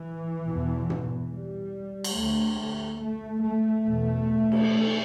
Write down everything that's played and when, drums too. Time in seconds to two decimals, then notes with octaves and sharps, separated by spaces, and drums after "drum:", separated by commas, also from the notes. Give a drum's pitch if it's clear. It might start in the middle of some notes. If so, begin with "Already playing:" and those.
Already playing: E3
0.46 E2 B2
0.90 drum: tom G#2
1.32 G3
2.04 drum: cymbal
2.16 D2 A3
2.58 A3
3.01 A3
3.43 A3
3.86 E2 B2
4.52 drum: cymbal